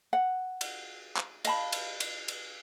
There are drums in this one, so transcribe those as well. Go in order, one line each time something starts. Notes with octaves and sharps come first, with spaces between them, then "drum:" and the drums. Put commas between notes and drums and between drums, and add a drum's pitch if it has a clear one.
F#5
drum: cymbal
drum: clap
D#5 F5 A5 B5, drum: cymbal
drum: cymbal
drum: cymbal
drum: cymbal